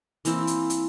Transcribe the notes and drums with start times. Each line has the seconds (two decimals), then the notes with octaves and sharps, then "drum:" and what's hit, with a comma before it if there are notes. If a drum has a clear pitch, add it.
0.25 E3 A#3 C4 E4, drum: hi-hat
0.47 drum: hi-hat
0.70 drum: hi-hat